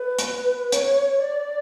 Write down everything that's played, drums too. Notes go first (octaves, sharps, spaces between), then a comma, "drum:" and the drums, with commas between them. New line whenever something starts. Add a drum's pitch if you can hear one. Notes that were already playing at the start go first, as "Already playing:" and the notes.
Already playing: B4
drum: hi-hat
C#5, drum: hi-hat
D5